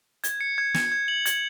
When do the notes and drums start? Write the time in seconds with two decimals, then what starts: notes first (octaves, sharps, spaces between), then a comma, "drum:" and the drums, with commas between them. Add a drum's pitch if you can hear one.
0.24 G#6, drum: hi-hat
0.41 C#7
0.58 G#6
0.74 G#6, drum: snare
0.92 G#6
1.08 F#7
1.26 G#6, drum: hi-hat